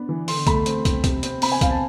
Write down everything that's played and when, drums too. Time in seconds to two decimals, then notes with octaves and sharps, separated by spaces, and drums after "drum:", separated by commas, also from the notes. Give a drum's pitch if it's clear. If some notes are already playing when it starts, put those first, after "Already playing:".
Already playing: B3 D4
0.09 E3
0.28 D3 C6, drum: open hi-hat
0.47 A3 B5, drum: kick, hi-hat
0.66 C4, drum: hi-hat
0.85 C4, drum: kick, hi-hat
1.04 C3, drum: kick, hi-hat
1.23 C4, drum: hi-hat
1.42 C4 B5, drum: open hi-hat
1.52 G#5
1.61 C4 F5, drum: kick, hi-hat
1.70 A5